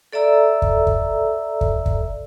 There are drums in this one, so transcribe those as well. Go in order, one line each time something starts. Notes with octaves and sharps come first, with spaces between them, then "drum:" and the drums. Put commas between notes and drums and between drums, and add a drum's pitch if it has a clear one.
A4 D5 E5 A#5 E6
drum: kick
drum: kick
drum: kick
drum: kick